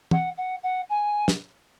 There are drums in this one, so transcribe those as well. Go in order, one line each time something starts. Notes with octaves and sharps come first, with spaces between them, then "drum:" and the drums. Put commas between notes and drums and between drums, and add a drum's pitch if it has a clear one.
F#5, drum: tom
F#5
F#5
G#5
drum: snare